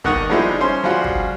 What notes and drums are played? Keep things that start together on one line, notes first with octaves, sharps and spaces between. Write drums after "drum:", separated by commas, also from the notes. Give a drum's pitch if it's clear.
G2 D#3 D#4 F#5 C#6 D#6, drum: kick
F3 G3 G#3 D#4 E4
C#4 C5
F3 G3 F4 F#4 G#4
drum: kick